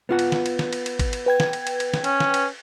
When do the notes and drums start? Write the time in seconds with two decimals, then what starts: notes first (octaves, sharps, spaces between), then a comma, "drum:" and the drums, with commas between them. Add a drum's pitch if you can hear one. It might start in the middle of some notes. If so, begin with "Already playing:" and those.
0.09 B3 F4 F#5
0.19 drum: cymbal
0.32 drum: snare
0.46 drum: cymbal
0.59 drum: snare
0.73 drum: cymbal
0.86 drum: cymbal
0.99 drum: kick G#1, cymbal
1.13 drum: cymbal
1.26 B4 G5 G#6
1.40 drum: snare
1.53 drum: cymbal
1.67 drum: cymbal
1.80 drum: cymbal
1.94 drum: snare
2.04 C#4, drum: cymbal
2.20 drum: snare
2.34 drum: cymbal